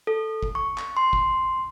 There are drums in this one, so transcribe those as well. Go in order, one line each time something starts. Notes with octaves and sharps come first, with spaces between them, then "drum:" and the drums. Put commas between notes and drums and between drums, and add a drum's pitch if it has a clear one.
A4
drum: kick
C#6
drum: clap
C6
drum: kick